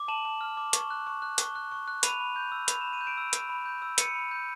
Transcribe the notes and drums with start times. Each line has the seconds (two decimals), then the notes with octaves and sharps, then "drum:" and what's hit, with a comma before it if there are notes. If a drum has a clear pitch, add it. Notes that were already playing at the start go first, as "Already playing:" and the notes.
Already playing: D6
0.08 A5 E7 F#7
0.25 A5
0.41 F6
0.57 D6
0.73 C#6, drum: hi-hat
0.90 F#6
1.07 C#6
1.22 F#6
1.38 C#6, drum: hi-hat
1.55 F#6
1.71 C#6
1.88 F#6
2.03 B5 D#7 F7, drum: hi-hat
2.20 B5
2.36 G6
2.52 E6
2.68 B5 F7, drum: hi-hat
2.81 B5 E7
2.93 D#7
3.01 G6
3.06 D7 E7
3.17 E6
3.33 B5, drum: hi-hat
3.49 B5
3.66 G6
3.82 E6
3.98 B5 C#7 D#7, drum: hi-hat
4.15 B5
4.31 G6